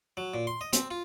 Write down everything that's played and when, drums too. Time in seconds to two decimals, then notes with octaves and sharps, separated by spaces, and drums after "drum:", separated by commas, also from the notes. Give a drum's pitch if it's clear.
0.17 F#3
0.34 A#2
0.47 C6
0.61 D#5
0.73 C4, drum: hi-hat
0.91 F4